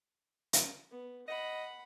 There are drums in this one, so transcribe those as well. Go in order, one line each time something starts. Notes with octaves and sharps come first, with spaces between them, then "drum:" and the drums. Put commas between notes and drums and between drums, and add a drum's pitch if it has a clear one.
drum: hi-hat
B3
D#5 F#5 B5